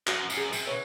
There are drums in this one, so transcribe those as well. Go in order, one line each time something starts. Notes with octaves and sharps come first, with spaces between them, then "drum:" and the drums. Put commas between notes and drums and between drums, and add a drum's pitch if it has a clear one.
F#2 F#4, drum: clap
F#2, drum: tambourine
G#4
C3, drum: tambourine
B4 C#5